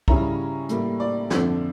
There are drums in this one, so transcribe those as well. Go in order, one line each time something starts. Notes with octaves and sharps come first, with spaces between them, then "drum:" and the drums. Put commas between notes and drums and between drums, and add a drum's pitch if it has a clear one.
C#3 G3 C#4 E4 A#5, drum: kick
A2 G3 A#3, drum: hi-hat
D5
F2 D3 F3, drum: snare